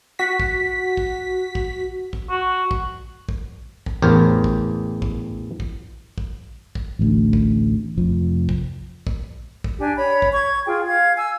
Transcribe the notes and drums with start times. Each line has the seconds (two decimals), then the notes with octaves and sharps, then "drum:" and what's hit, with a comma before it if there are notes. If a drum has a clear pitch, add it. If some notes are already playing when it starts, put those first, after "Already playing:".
0.19 F#4 B6
0.40 drum: kick
0.97 drum: kick
1.55 drum: kick
2.13 drum: kick
2.30 F#4
2.71 drum: kick
3.29 drum: kick
3.86 drum: kick
4.02 A1 E2 G4 A#4 C5 C#5
4.44 drum: kick
5.02 drum: kick
5.60 drum: kick
6.18 drum: kick
6.75 drum: kick
6.99 A1 D2
7.33 drum: kick
7.98 F1 F3
8.49 drum: kick
9.07 drum: kick
9.64 drum: kick
9.79 D4 G4 G#5
9.97 C#5 B5
10.22 drum: kick
10.33 C#6 G#6
10.66 F4 G#4 G5
10.87 F5 G#6
11.16 G#5 E6